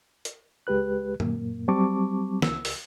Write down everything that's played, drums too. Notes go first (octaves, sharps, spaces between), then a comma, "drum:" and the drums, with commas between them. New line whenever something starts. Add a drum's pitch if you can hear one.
drum: hi-hat
C#2 G#3 G4 B4 F#6
F#2 A#2 A#3, drum: tom F#2
F#3 G3 C4 A5 C#6 D6
C#2 E6, drum: snare
drum: open hi-hat